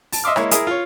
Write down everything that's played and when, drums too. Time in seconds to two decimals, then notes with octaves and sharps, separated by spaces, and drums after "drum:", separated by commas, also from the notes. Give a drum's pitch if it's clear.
0.12 A5, drum: open hi-hat
0.24 D#5 E5 C6 D6 F6
0.36 G#3 A#3 E4 C#5, drum: rim click
0.51 E4 G#4 A#4 D#6, drum: hi-hat
0.67 F4 C#5